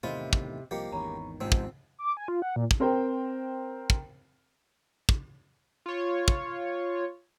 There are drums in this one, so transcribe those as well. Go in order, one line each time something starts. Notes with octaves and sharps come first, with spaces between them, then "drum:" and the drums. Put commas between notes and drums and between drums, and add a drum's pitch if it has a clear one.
E2 A2 C3 D#3 F4 D#5 E5 B5
drum: kick
C2 F3 A#3 G4 D#5 C#7
G#1 E2 D#3 C#4 A#5 B5
F2 G#2 C3 C4 E6
drum: kick
D6
G#5
F4
F#5
A#2
drum: kick
C4 A#4 C5 G5
drum: kick
drum: kick
F4 C#5
drum: kick